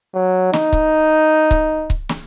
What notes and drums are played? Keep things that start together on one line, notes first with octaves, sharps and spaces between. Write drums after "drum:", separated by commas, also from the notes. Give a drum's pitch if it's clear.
F#3
D#4, drum: snare
drum: kick C#1
drum: kick C#1
drum: kick C#1
drum: snare